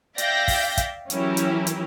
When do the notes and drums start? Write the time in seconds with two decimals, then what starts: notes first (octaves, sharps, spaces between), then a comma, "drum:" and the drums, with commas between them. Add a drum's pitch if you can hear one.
0.18 D5 E5 F5 G5 G6 A#6, drum: hi-hat
0.48 drum: kick, open hi-hat
0.77 drum: kick, hi-hat
1.10 E3 F#3 C#4 E4 G4 A#4, drum: hi-hat
1.37 drum: hi-hat
1.67 drum: hi-hat